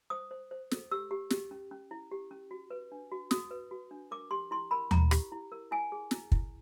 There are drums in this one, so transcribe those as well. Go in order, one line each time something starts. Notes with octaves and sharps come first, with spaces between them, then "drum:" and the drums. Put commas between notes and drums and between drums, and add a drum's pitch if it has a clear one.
C5 D#6
C5
C5
A4, drum: snare
G4 E6
G4
G4, drum: snare
C#4
C#4
E4
G4
C#4
F#4
B4
D4
F#4
F#4 D#6, drum: snare
B4
F#4
D4
A#4 D6
G4 C6
E4 C6
A#4 B5
E4 A#5, drum: tom D#2
G4, drum: rim click
E4
A#4
E4 G#5
G#4
E4, drum: snare
E4, drum: kick